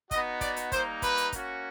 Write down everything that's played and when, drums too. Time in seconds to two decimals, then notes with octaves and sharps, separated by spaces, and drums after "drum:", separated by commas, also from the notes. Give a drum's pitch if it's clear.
0.11 B3 D#4 F#4 D#5, drum: kick, hi-hat
0.41 D5, drum: kick, hi-hat
0.56 drum: hi-hat
0.72 G3 A#3 D#4 C5, drum: kick, hi-hat
1.02 B4, drum: kick, hi-hat
1.17 drum: hi-hat
1.32 A#3 C#4 F#4, drum: kick, hi-hat